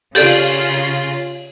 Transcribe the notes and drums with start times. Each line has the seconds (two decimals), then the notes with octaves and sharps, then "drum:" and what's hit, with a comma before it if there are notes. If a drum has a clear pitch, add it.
0.15 C#3 F4 G4 A4 D5, drum: open hi-hat